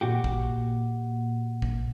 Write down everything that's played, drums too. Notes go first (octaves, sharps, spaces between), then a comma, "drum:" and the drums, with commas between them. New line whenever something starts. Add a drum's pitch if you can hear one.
A#2 F#4 G4
drum: kick
drum: kick